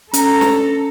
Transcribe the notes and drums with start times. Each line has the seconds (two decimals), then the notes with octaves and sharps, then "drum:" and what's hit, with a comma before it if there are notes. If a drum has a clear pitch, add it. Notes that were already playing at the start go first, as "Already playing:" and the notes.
0.14 C#4 A4 A#5, drum: hi-hat
0.41 drum: snare